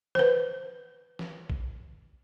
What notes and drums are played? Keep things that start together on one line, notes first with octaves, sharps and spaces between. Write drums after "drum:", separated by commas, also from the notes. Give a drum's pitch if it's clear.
B4 C5, drum: snare
drum: snare
drum: kick